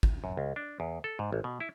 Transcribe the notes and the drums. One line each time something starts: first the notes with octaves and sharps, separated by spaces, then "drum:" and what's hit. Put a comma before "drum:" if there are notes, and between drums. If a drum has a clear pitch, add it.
drum: kick G#1
F#2
C#2
D4
E2
A4
G#2
A1
B2
E4